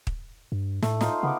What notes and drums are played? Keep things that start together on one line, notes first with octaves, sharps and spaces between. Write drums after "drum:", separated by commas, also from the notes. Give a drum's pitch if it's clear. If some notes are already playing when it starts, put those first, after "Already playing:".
drum: kick
G2
A2 A3, drum: snare
D#4 F4 C5, drum: snare
C#3 B3 F5 D6